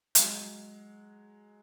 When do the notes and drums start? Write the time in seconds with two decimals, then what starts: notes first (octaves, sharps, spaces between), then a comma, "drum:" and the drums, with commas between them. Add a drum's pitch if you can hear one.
0.15 F#3 G#3, drum: hi-hat